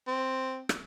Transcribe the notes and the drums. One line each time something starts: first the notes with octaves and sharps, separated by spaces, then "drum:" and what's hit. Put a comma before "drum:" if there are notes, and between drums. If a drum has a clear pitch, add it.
C4
drum: rim click